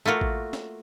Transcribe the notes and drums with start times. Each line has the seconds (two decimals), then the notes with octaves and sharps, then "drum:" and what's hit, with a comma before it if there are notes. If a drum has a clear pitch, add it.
0.06 A3 A#3 F4 F#4
0.21 drum: kick A1
0.53 drum: snare